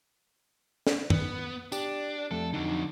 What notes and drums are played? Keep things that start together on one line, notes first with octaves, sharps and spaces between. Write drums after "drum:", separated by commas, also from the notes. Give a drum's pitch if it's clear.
drum: snare
B3, drum: tom
D4 G4, drum: tambourine
F2 A3 A4
F2 D3 F#3 D#4